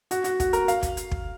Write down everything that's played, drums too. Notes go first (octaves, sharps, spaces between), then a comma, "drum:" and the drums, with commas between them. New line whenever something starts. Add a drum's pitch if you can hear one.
F#4, drum: hi-hat
F#4, drum: hi-hat
F#4, drum: kick, hi-hat
A#4, drum: hi-hat
F5, drum: hi-hat
drum: kick, hi-hat
drum: hi-hat
drum: kick